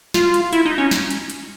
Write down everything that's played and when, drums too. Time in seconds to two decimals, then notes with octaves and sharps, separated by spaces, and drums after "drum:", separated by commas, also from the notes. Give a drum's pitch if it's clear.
0.14 F4, drum: snare
0.34 drum: hi-hat
0.53 E4, drum: hi-hat
0.66 D#4
0.78 C#4
0.91 drum: snare
1.10 drum: hi-hat
1.30 drum: hi-hat